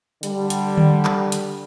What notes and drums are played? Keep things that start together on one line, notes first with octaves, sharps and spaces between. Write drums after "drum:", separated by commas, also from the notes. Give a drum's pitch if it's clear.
D3 G3, drum: hi-hat
drum: hi-hat
drum: tom D3
drum: clap
drum: hi-hat